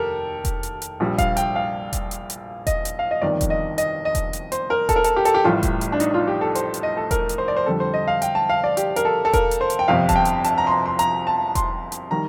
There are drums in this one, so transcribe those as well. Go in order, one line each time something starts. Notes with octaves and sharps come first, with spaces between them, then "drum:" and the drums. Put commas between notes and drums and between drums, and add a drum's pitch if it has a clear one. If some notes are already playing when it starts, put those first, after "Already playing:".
Already playing: F1 D#2 G4 A4 A#4
drum: kick E1, hi-hat
drum: hi-hat
drum: hi-hat
A#1 A#2 G3
F5, drum: kick E1, hi-hat
G5, drum: hi-hat
F5
drum: kick E1, hi-hat
drum: hi-hat
drum: hi-hat
D#5, drum: kick E1, hi-hat
drum: hi-hat
F5
D#5
G1 F2 D#3 D5
drum: kick E1, hi-hat
D#5
D#5, drum: hi-hat
D#5
drum: kick E1, hi-hat
drum: hi-hat
C5, drum: hi-hat
A#4
A4, drum: kick E1, hi-hat
A#4
A4, drum: hi-hat
G4
A4, drum: hi-hat
G4
A1 A2 G3 F4
drum: kick E1, hi-hat
drum: hi-hat
D4
D#4, drum: hi-hat
F4
G4
A4
C5, drum: hi-hat
drum: hi-hat
D#5
A4
A#4, drum: kick E1, hi-hat
drum: hi-hat
C5
D5
C5
F2 D3 G3 A4
C5
D#5
F5
G5, drum: hi-hat
A5
F5
D5
G4, drum: hi-hat
A#4, drum: hi-hat
A4
A4
A#4, drum: kick E1, hi-hat
drum: hi-hat
C5
drum: hi-hat
G5
G1 F2 C3 F3 F5
A5, drum: kick E1, hi-hat
G5
drum: hi-hat
A5, drum: hi-hat
A#5
C6
A#5
C6
A#5, drum: hi-hat
A5
C6, drum: kick E1, hi-hat
drum: hi-hat
D#3 G3 A#5